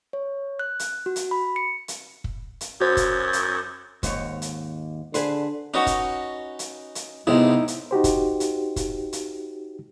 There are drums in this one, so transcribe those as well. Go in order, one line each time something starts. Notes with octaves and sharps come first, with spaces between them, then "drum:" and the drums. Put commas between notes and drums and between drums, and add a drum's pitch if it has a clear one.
C#5
F#6
drum: hi-hat
F#4
drum: hi-hat
B5
C#7
drum: hi-hat
drum: kick
drum: hi-hat
F#2 F#4 C5
drum: kick, hi-hat
drum: hi-hat
D#2 G#2 C#5, drum: kick, hi-hat
drum: hi-hat
D3 G#4 B4 C5, drum: hi-hat
C#4 D#4 F#4 B4 D#5
drum: kick, hi-hat
drum: hi-hat
drum: hi-hat
A2 C3 G#3 B3 D#4 E4
drum: hi-hat
D#4 F#4 G4 C5
drum: kick, hi-hat
drum: hi-hat
drum: kick, hi-hat
drum: hi-hat